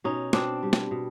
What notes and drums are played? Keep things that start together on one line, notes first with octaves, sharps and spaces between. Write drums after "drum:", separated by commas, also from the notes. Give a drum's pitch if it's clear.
B2 C#4 D#4
B2 C4 D4, drum: snare
G3
drum: snare
B2